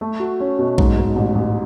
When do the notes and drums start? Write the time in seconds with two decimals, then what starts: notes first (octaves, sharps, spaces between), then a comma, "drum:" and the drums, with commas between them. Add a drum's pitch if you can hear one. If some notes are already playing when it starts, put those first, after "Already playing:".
0.01 A3
0.20 F#4
0.40 C#4
0.59 B2
0.78 G#2, drum: kick A#1
0.97 G#2
1.16 A1
1.35 A1